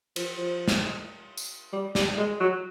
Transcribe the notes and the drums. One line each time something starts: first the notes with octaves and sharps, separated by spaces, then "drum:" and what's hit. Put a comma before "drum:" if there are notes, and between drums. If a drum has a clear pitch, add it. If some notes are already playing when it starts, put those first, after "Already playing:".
F3, drum: cymbal
F3
drum: snare
drum: tambourine
G3
G3, drum: snare
G#3
F#3